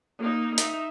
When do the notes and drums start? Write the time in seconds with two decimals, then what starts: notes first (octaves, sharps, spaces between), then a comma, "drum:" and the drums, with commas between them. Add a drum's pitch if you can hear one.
0.19 A#3 D#4
0.58 D#4 E5, drum: hi-hat